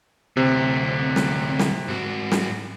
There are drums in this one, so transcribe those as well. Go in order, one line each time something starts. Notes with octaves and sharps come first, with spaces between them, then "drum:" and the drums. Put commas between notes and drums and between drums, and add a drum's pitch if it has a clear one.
D2 C3 C4
drum: snare
drum: snare
G#2 F#4
drum: snare